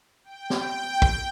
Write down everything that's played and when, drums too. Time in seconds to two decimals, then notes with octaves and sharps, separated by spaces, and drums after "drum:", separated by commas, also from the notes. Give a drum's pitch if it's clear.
0.24 G5
0.50 drum: snare
1.02 drum: kick